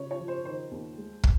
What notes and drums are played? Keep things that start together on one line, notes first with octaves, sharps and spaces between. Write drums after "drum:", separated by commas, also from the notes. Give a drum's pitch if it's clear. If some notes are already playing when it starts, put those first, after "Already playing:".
Already playing: C#3 C#5
C#5
F3
C5
D#3 C5
D#2
G#3
drum: kick